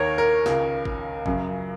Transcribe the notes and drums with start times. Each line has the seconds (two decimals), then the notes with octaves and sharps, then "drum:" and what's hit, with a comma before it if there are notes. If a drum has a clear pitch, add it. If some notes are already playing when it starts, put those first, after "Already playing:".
Already playing: D#2 D#3 A#4 C#5
0.18 A#4
0.46 C#2 C#3, drum: snare
0.85 drum: kick
1.26 F#2 C#3, drum: kick